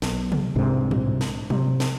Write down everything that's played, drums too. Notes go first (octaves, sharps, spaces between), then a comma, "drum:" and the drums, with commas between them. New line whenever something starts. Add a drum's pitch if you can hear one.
B1, drum: snare
drum: tom C3
C2 G#2 C3 D4
drum: tom A2
drum: snare
C3, drum: tom F3
drum: snare